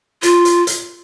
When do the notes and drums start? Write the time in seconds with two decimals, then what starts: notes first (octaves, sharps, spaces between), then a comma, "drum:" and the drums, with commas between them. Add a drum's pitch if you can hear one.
0.23 F4, drum: hi-hat
0.45 drum: hi-hat
0.67 drum: hi-hat